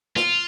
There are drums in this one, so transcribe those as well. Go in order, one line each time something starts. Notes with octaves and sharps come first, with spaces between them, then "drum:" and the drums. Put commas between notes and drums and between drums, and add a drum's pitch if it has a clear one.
F4, drum: snare